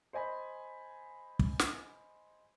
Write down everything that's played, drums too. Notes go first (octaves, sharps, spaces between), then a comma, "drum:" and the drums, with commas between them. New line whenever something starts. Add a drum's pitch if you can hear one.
C5 D#5 G#5 B5
drum: kick
drum: snare